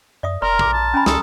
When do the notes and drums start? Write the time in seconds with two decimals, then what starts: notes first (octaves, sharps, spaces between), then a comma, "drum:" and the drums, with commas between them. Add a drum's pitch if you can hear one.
0.23 F#2 D5 E5 D#6
0.42 F1 A#4 D5 A#5 C6 F6
0.59 A#1 D6 E6, drum: kick
0.73 A5
0.94 C#4 G#5 B5
1.06 C#2 A4 D#6, drum: snare